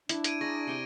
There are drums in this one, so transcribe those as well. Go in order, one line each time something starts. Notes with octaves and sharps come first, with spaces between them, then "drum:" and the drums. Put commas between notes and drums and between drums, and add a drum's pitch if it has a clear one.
D4 E4, drum: hi-hat
G#6 D7 D#7, drum: hi-hat
G#4 D5 A#5 C#6 A#6
C3 G5 D6